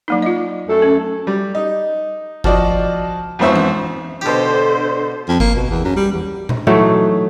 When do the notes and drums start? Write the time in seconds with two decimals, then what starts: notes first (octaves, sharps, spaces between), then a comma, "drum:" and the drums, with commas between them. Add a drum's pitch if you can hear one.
0.08 F#3 A#3 D#4
0.22 F4 D#5
0.69 F#2 A3 A4
0.82 C#4
1.27 G3
1.55 D#4
2.44 F3 F#4 D5 D#5, drum: kick G1
3.39 F2 G#2 B3 C5 E5 C#6
3.56 drum: tom E3
4.21 B2 D3 G4 C5
5.29 F2
5.40 A#3, drum: kick G1
5.55 B2
5.70 E2
5.85 F#2
5.96 G3
6.13 E2
6.49 drum: tom A#2
6.67 E3 F#3 A3 D#4